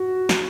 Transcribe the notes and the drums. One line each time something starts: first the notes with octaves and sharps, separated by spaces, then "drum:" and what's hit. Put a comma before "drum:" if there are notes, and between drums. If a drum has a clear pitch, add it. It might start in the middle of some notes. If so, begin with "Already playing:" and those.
Already playing: F#4
drum: snare